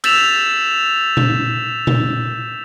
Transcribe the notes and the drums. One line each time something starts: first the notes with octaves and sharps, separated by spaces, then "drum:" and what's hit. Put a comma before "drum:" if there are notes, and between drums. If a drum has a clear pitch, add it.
E6 G6 A6 B6 E7 F7, drum: cymbal
drum: tom A#2
drum: tom A#2